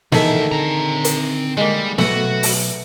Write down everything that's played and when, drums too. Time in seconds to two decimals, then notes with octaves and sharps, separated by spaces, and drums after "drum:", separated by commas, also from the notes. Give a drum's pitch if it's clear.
0.12 D2 D#3 E3 D#4 G#4 A4 E5, drum: snare
0.52 D3 C4 A#5
1.05 drum: hi-hat
1.57 G3 G#3 A#3
1.98 B2 F#3 A3 B3 F#4, drum: snare
2.43 drum: open hi-hat